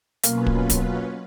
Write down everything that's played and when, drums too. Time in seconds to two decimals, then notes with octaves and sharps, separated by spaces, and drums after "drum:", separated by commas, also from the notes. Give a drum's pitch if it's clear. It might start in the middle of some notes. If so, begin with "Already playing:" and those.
0.23 B2 F#3 A#3 C#4 F4 B4, drum: hi-hat
0.46 drum: kick
0.70 drum: kick, hi-hat